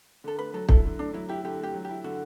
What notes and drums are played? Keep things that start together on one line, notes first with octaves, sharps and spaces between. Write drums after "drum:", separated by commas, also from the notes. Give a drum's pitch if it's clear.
D3 A4
A3 B4
F#3 A4
E4 A4, drum: kick
D3
A3 D4
F#3 E4
E4 G4
D3 G4
A3 G4
F#3
E4 G4
D3 F#4